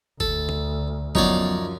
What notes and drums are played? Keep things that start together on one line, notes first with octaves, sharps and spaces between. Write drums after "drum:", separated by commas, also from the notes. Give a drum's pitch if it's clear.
D2 A4, drum: kick
drum: tom D3
F#2 F3 F#3 B3 D#4 C#5 D5, drum: kick